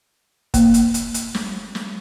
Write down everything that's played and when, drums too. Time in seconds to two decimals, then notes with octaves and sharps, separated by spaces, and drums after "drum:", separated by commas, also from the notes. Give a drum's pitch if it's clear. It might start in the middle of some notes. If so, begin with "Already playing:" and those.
0.54 A#3, drum: kick F#1, hi-hat
0.74 drum: hi-hat
0.94 drum: hi-hat
1.14 drum: hi-hat
1.34 drum: snare
1.75 drum: snare